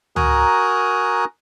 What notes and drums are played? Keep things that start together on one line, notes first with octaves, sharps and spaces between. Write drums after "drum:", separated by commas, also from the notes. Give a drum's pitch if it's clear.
F#4 A#4 G#5 A#5 D#6 F#6, drum: tom C#2